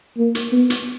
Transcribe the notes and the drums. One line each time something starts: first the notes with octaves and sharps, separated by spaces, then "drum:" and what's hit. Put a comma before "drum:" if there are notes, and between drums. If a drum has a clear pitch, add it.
A#3
drum: hi-hat
B3
drum: hi-hat